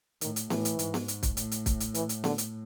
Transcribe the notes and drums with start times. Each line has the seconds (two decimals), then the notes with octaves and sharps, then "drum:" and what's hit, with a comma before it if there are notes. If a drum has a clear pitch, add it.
0.21 A2 D#3, drum: hi-hat
0.36 drum: hi-hat
0.50 A2 E3, drum: snare B3
0.65 drum: hi-hat
0.79 G#2, drum: hi-hat
0.94 drum: snare B3
1.08 drum: hi-hat
1.23 drum: kick, hi-hat
1.37 A2, drum: hi-hat
1.51 drum: hi-hat
1.66 drum: kick, hi-hat
1.80 drum: hi-hat
1.94 E3, drum: hi-hat
2.09 drum: hi-hat
2.24 D3, drum: snare B3
2.38 drum: hi-hat